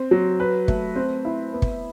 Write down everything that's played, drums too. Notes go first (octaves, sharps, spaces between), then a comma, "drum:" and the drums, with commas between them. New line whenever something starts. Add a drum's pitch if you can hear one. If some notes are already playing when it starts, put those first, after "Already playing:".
Already playing: C4
F#3
B4
A3, drum: kick
C4
E4
B3
drum: kick